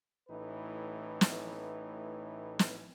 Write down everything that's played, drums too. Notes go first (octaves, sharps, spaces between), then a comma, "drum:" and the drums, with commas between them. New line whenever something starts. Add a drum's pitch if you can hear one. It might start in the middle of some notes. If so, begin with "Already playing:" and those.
A1 A2 E3 D#4 B4
drum: snare
drum: snare